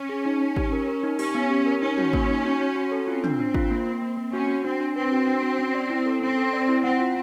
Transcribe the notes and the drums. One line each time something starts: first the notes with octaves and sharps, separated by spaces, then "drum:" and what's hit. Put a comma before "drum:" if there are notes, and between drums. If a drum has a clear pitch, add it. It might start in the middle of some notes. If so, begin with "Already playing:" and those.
Already playing: C#4
G#4
D#4
D#4
G4, drum: kick G#1
A#4
A#4
D#4
C#4 G4, drum: open hi-hat
B3
G4
A#4
C#4 D#4
F#4, drum: tom
A#3, drum: kick G#1
D#4
F#4
F#4
F#4
A4
C4 F4
D4, drum: tom
D4
F4, drum: kick G#1
A#3
A#3
A#3
A#3
C#4 F#4
F#4
C4 D4
D4
C4 B4
F#4
D4
F#4
C#4
D5
E4
A4
C4 C#4
A4
D5
E4
C4 F#5
F4